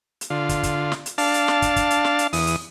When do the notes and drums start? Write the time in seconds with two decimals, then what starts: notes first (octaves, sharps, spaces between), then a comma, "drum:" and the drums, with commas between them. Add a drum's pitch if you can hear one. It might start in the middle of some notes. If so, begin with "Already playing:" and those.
0.21 drum: hi-hat
0.30 D3 F4
0.49 drum: kick, hi-hat
0.63 drum: kick, hi-hat
0.92 drum: snare
1.06 drum: hi-hat
1.18 D4 F5 A5, drum: open hi-hat
1.34 drum: hi-hat
1.48 drum: snare
1.62 drum: kick, hi-hat
1.76 drum: kick, hi-hat
1.90 drum: hi-hat
2.05 drum: snare
2.19 drum: hi-hat
2.33 E2 D#6, drum: open hi-hat
2.47 drum: hi-hat